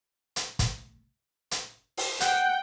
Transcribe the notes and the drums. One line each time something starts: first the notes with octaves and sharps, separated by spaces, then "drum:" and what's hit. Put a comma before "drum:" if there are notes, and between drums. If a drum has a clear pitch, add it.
drum: hi-hat
drum: kick, hi-hat
drum: hi-hat
drum: open hi-hat
F#5 G5, drum: hi-hat